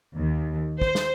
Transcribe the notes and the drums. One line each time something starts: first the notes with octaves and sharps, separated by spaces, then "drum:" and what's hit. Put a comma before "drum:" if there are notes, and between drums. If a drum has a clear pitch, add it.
D#2
C5, drum: kick
drum: snare